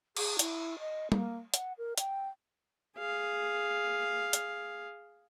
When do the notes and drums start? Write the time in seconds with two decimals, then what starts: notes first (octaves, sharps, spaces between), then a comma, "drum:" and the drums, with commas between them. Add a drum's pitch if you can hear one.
0.17 G#4, drum: cymbal
0.39 E4, drum: hi-hat
0.79 D#5
1.12 A#3, drum: tom
1.54 F#5, drum: hi-hat
1.78 A#4
1.98 G5, drum: hi-hat
2.98 G#4 F5
4.33 drum: hi-hat